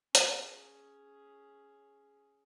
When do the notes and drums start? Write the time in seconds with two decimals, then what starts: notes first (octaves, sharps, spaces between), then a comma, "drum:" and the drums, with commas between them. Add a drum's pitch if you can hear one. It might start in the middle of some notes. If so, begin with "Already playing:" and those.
0.15 C#4 G#4, drum: hi-hat